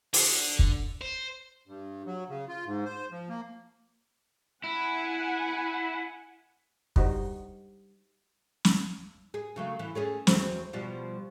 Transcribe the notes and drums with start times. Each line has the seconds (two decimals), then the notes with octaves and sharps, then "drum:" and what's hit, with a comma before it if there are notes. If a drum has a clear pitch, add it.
0.13 D3, drum: open hi-hat
0.59 drum: kick
1.01 C5
1.67 G2
2.06 F#3
2.29 C#3
2.48 F4
2.66 G#2
2.85 C5
3.11 F3
3.29 A#3
4.64 E4 F#5 G#5
6.96 G3 D#4 F#4 C5, drum: kick
8.65 drum: snare
9.34 G#4
9.56 C#3 F#3 A3
9.79 E3
9.95 A3 C#4 G#4
10.27 E2 F#3 C4, drum: snare
10.73 B2 F3 G3